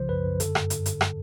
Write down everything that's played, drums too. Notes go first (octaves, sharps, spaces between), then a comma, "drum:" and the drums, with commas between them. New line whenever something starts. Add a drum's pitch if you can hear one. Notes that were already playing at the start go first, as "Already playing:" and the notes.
Already playing: C2 C#3 F3 C5
F#2 B4
F#2
D3 A4, drum: hi-hat
G2, drum: rim click
G2, drum: hi-hat
G2, drum: hi-hat
drum: rim click